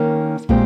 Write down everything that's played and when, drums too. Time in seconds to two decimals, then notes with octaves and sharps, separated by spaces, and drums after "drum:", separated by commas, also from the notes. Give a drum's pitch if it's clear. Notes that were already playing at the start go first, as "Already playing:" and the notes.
Already playing: D#3 A#3 C#4
0.49 A#2 G#3 C4 G4 C5, drum: kick